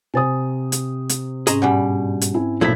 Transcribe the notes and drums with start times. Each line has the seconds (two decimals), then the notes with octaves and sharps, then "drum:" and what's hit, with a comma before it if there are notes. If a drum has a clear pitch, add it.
0.14 C3 C5 G#5 D#6 A6
0.72 drum: hi-hat
1.09 drum: hi-hat
1.47 G#2 C#4 G#4 D#5 A#5, drum: hi-hat
1.62 G2 B2 G3 F#5 G#5
2.21 drum: hi-hat
2.34 C4 E4 G#5
2.61 B1 A#2 F3 A3 E4 G#6 B6